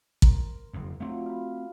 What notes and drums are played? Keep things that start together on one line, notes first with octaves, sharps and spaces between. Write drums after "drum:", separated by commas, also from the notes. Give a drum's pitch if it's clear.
A#4 C5, drum: kick
F#1 F2
F#3 A3 C4 F4
F5 B5